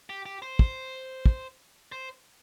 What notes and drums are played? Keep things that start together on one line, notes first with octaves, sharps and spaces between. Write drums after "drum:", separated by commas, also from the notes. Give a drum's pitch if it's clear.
G4
G4
C5
drum: kick
drum: kick
C5